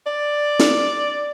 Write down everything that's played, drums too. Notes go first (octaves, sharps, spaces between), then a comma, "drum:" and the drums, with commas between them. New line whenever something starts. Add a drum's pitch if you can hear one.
D5
drum: snare